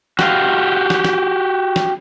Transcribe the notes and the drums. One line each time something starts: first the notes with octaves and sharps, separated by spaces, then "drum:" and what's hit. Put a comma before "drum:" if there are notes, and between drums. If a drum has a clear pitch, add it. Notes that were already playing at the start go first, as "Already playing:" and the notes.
F#4 G4 D5 F5, drum: snare
drum: snare
drum: snare
drum: snare